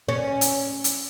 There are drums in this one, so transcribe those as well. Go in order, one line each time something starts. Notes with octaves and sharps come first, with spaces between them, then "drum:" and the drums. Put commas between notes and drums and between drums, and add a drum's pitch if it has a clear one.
C#4
drum: hi-hat
drum: hi-hat